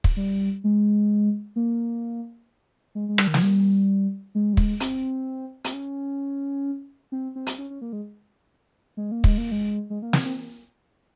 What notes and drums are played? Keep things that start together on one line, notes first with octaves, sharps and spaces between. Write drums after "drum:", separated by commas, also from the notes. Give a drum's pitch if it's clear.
drum: kick
G3
G#3
A#3
G#3
G#3
G3, drum: rim click
D#3
F3, drum: snare
G3
G#3
G3
G#3, drum: kick
C4, drum: hi-hat
C4, drum: hi-hat
C#4
C4
C4
drum: hi-hat
C#4
C#4
A#3
G#3
G#3
A#3
G#3, drum: kick
A#3
G#3
G#3
A#3
C4, drum: snare
C4